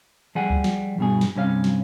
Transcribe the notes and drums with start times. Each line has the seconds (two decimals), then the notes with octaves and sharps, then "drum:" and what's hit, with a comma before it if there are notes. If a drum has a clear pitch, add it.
0.35 F3 G3 G#4 F#5
0.50 drum: kick C#2
0.64 drum: snare
0.98 G2 B2 G#4
1.21 drum: snare
1.36 G2 C3 C#4 F5
1.64 drum: snare